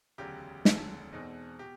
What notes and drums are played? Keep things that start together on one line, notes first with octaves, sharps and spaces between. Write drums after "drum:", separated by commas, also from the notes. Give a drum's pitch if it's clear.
E1 D2 C#3 F#3 G4
E1 D2 C#3 F#3 A4, drum: snare
E2 B2 G#3 C4 D#4
B2 G4